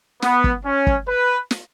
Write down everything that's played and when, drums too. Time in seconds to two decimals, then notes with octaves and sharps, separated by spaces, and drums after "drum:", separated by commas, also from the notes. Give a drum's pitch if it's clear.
0.22 B3, drum: snare
0.44 drum: kick
0.66 C#4
0.87 drum: kick
1.08 B4
1.51 drum: snare